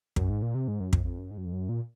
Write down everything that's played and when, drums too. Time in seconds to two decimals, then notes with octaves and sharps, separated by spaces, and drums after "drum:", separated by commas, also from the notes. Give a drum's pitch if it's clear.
0.16 F#2, drum: kick
0.30 G#2
0.42 A#2
0.55 C3
0.68 G#2
0.80 F#2
0.93 F2, drum: kick
1.05 F2
1.18 F#2
1.31 G#2
1.38 F#2
1.45 F2
1.53 F#2
1.69 A#2